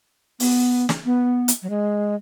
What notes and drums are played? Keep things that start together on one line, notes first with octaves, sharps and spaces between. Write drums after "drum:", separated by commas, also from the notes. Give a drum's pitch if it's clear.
B3, drum: open hi-hat
drum: snare
B3
drum: hi-hat
F#3
G#3